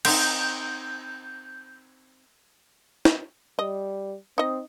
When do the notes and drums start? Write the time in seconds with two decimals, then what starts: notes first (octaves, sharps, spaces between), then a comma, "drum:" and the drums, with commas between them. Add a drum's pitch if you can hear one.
0.05 C4 D#4 G6, drum: cymbal
3.05 drum: snare
3.59 G3 D#5
4.38 C4 D#4 D#5